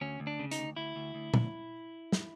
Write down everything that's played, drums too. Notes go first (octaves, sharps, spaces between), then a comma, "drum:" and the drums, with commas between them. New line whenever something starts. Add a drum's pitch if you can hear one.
D2 C#4
D2
D4
C#3
D#4, drum: hi-hat
D2
D2 E4
D2
D2
D2, drum: tom A#2
drum: snare